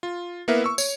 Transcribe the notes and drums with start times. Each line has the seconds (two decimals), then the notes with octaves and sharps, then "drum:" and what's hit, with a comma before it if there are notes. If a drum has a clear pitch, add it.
0.03 F4
0.48 A#3 B3 E4 A#4 B4 E5
0.64 C#6 E6
0.78 C#5, drum: tambourine